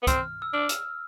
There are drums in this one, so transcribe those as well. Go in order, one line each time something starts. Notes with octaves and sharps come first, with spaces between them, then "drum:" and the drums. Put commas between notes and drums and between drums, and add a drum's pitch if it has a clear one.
B3
C4 F6, drum: kick, hi-hat
E6
D4 F6
drum: hi-hat